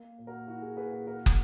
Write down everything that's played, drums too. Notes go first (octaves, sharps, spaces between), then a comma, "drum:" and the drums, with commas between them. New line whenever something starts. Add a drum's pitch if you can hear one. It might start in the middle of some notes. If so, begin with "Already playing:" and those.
Already playing: A#3
A#2
F#4 A#4
E4 F#4
G#4
A#2 G#4 B4
G#4
A#3 F#4 A#4
drum: kick